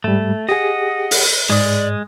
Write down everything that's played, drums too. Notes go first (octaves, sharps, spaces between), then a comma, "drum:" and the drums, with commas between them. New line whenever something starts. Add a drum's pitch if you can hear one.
G#2 G3 A3
G4 G#4 D#5 F#5
drum: open hi-hat
G#2 G#3 D5 D#6